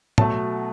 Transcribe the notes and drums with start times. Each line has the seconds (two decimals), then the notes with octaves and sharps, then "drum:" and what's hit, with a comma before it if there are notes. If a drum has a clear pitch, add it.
0.18 B2 F#3 A3 A5, drum: tom